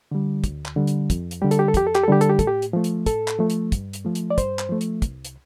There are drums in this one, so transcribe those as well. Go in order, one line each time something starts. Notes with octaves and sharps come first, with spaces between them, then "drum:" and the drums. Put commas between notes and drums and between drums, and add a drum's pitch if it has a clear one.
D3 G3
D2, drum: kick, hi-hat
drum: clap
D3 G3
drum: hi-hat
F2, drum: kick, hi-hat
drum: hi-hat
D3 G3 G4
A4, drum: hi-hat
G4
A4
F2 G4, drum: kick, hi-hat
A4
G4, drum: clap
A4
D3 G3 G4
A4, drum: hi-hat
G4
A2 A4, drum: kick, hi-hat
G4
drum: hi-hat
F3 A3
drum: hi-hat
A2 A4, drum: kick, hi-hat
drum: clap
F3 A3
drum: hi-hat
G2, drum: kick, hi-hat
drum: hi-hat
F3 A3
drum: hi-hat
D5
G2 C5, drum: kick, hi-hat
drum: clap
F3 A3
drum: hi-hat
C2, drum: kick, hi-hat
drum: hi-hat